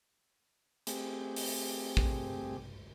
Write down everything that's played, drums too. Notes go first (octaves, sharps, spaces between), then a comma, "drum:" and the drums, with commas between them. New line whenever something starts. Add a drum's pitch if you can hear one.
A3 C4 G4 G#4, drum: hi-hat
drum: open hi-hat
drum: kick A1